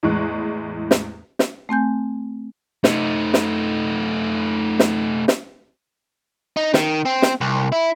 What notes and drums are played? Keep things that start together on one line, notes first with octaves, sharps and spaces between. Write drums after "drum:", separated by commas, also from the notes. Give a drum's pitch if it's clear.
E2 A2 E3 G#3 C#6 F#6
drum: snare
drum: snare
A3 C4 G#5 G6
A3 D#4, drum: snare
drum: snare
drum: snare
drum: snare
D#4
D#3, drum: snare
C4
drum: snare
C2
E4